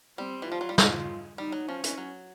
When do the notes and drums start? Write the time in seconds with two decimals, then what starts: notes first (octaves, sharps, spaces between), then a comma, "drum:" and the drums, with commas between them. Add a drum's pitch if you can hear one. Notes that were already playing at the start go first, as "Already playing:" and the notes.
0.18 G3 C4
0.42 E3
0.48 F3 F4
0.61 F#3
0.69 G3
0.78 G#3 F4, drum: snare
1.38 G3 D#4
1.52 F#3
1.68 F3 C#4
1.84 E3, drum: hi-hat
1.98 F#3